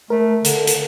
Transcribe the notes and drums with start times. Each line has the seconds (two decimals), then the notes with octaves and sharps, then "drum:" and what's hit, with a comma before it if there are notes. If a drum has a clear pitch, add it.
0.10 A3 A#4
0.44 D3, drum: hi-hat
0.67 drum: hi-hat